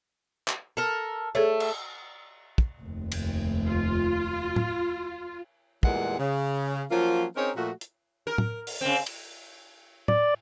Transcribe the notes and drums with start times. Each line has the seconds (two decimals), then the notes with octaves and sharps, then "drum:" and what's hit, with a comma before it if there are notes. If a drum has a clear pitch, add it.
0.48 drum: clap
0.77 A4 A#4
1.35 A3 G#4 A4 C#5
1.60 drum: cymbal
2.58 drum: kick
2.82 F1 D#2
3.12 drum: cymbal
3.67 F4
4.56 drum: tom A2
5.83 E2 A#2 E3 G3 G#3 F#5, drum: kick
6.19 C#3
6.90 F3 F#3 A#3 C#4 F4
7.36 C4 C#4 D#4 G#4 A#4 C#5
7.56 A#2 F3 A3 F#4
7.81 drum: hi-hat
8.27 A#4
8.38 drum: tom A2
8.67 drum: open hi-hat
8.81 C#3 C4
9.06 drum: cymbal
10.08 D5, drum: tom A2